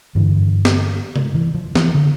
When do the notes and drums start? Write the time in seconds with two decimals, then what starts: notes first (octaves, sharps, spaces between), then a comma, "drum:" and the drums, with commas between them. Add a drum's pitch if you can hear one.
0.15 G2 D3 E3
0.65 drum: snare
1.16 drum: tom C3
1.34 E3
1.54 F3
1.75 E3, drum: snare
1.94 D3